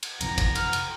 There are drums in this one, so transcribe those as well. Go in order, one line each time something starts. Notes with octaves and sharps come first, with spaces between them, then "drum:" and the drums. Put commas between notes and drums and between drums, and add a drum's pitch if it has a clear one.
drum: cymbal
F2 C3 E3 A#5, drum: cymbal
drum: kick, cymbal
F#5 F6, drum: cymbal
drum: cymbal